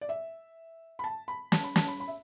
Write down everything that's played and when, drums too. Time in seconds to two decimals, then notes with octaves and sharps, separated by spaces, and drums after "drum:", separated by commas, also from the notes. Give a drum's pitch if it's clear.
0.01 D5
0.09 E5
0.99 B5
1.04 A5
1.28 B5
1.52 A5, drum: snare
1.64 B5
1.76 A5, drum: snare
1.88 B5
2.00 B5
2.08 E5